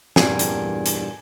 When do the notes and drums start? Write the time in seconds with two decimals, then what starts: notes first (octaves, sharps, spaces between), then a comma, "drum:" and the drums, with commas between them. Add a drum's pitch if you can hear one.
0.16 E2 G2 A#2 D3 G3 A#4 G#5, drum: snare
0.39 drum: hi-hat
0.86 drum: hi-hat